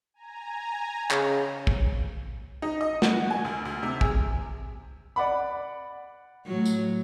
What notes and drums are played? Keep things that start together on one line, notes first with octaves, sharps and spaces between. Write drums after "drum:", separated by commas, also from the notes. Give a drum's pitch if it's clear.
G#5 A#5
C#3, drum: clap
drum: kick
D#4
D#5
F#4, drum: snare
G#5
D2
D2
C3
G#4, drum: kick
D5 F#5 B5
A2 F#3
drum: tambourine